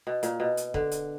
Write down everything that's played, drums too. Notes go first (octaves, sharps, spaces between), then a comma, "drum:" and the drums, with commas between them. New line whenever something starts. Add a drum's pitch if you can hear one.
B2
A#2, drum: hi-hat
B2
drum: hi-hat
D3, drum: kick
drum: hi-hat